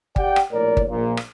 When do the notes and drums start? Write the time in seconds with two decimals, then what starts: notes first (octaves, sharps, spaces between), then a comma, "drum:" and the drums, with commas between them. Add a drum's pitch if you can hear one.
0.16 G4 D5 F#5 G5, drum: kick G1
0.36 drum: rim click
0.52 A#1 A2 A#4 C#5 D5
0.77 drum: kick G1
0.89 A#1 A#2
1.17 drum: rim click